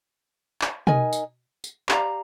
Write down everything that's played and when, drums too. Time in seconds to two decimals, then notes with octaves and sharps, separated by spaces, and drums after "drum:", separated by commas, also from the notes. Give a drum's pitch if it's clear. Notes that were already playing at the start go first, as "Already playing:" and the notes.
0.61 drum: clap
0.87 D#4 A#4 D#5 G#5, drum: tom
1.13 drum: tambourine
1.64 drum: tambourine
1.89 G4 D5 F5 A#5, drum: clap